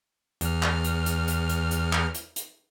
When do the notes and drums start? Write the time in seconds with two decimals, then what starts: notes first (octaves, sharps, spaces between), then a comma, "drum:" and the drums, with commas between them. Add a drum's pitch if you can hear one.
0.41 E2 F6, drum: hi-hat
0.63 drum: clap
0.84 drum: hi-hat
1.06 drum: hi-hat
1.28 drum: hi-hat
1.49 drum: hi-hat
1.71 drum: hi-hat
1.93 drum: clap
2.14 drum: hi-hat
2.36 drum: hi-hat